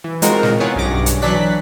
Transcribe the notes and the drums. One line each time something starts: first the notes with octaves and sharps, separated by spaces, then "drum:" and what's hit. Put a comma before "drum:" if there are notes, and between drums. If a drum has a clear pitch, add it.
E3
G#3 C4 D#4 F4 F#4 A#4, drum: hi-hat
drum: snare
B3 E4 F4 G#4 C#5 F#5
B1 G2 C#4 D6 A#6
drum: hi-hat
E3 F#3 D4 D5 F#6 B6